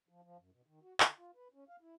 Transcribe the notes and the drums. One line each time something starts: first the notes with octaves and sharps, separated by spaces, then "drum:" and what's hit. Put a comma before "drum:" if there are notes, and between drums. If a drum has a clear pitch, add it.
F3
F3
F#2
B2
D#3
F#4
D3, drum: clap
F4
B4
C#4
F5
E4